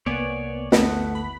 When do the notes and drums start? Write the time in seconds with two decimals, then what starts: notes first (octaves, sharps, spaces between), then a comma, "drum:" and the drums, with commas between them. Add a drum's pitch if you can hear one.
0.06 C2 A#3 B3 C#5 D5 G#5
0.72 G1 D2 A3 B3 E4 F#5, drum: snare
1.15 B5